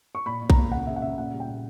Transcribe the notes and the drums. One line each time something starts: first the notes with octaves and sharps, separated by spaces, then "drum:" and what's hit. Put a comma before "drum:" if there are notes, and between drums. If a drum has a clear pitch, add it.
C#6
A#2 B5
A#2
A#5, drum: kick A#1
A#3
C#3 F#5
C#3 E5
F#5
C#3 E5
A#2 F#5
G3
G5
A#2